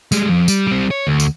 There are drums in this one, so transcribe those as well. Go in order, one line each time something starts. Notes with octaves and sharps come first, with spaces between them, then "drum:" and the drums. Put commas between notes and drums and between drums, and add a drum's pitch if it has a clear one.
G3 G#3, drum: tambourine
F2
G3, drum: tambourine
G3 C4
C#5
D2
drum: tambourine